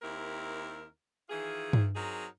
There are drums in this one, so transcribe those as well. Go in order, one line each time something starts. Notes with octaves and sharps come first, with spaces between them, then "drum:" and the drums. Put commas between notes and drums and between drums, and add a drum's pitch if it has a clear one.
D#2 C4 E4 G4 A#4
D#3 E3 F4 G#4
drum: tom G2
F#3 C4 D#4 G#4 A#4